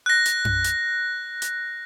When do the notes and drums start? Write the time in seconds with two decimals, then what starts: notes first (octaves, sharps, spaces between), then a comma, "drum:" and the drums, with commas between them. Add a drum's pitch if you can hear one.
0.06 F#6 A#6
0.26 drum: hi-hat
0.45 drum: tom F#2
0.64 drum: hi-hat
1.42 drum: hi-hat